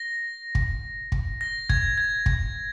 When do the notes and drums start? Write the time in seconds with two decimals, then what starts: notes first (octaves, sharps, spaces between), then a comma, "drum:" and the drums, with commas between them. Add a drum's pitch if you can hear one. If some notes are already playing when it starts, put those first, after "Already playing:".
Already playing: A#6
0.55 drum: kick
1.12 drum: kick
1.41 A#6
1.69 G#6, drum: kick
1.98 G#6
2.26 drum: kick